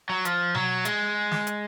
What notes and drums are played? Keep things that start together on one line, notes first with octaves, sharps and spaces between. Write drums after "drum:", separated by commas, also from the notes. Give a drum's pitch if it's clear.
F#3
F3, drum: hi-hat
F#3, drum: tom B2
G#3, drum: hi-hat
drum: snare
drum: hi-hat